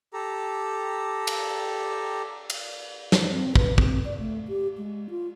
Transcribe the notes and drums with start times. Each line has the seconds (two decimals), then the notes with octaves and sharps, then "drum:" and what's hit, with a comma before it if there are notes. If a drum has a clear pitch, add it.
0.13 G4 A4 A#5
1.27 drum: cymbal
2.50 drum: cymbal
3.12 drum: snare
3.30 C4
3.55 B4, drum: kick
3.78 C4, drum: kick
4.05 D5
4.19 A3
4.48 G4
4.78 G#3
5.10 F4